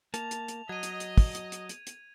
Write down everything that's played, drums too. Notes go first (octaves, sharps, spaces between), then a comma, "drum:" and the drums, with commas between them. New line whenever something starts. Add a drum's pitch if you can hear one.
A#3 A5 F7, drum: hi-hat
drum: hi-hat
drum: hi-hat
F#3 D#5 G#6 D#7
drum: hi-hat
drum: hi-hat
drum: kick, open hi-hat
drum: hi-hat
drum: hi-hat
drum: hi-hat
drum: hi-hat